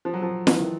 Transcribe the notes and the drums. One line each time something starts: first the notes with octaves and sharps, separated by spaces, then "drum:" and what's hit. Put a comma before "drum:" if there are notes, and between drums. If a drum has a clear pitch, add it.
F3
F#3
F3
E3, drum: snare
D#3